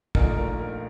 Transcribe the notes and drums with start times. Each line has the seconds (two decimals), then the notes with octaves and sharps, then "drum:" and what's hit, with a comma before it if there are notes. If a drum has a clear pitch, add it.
0.15 A#1 A#2 A3 D#4 A#4, drum: kick
0.37 A#4
0.59 A#4